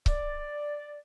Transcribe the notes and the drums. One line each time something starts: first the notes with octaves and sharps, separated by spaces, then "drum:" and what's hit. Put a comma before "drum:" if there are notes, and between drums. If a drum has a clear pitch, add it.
D5, drum: kick C#1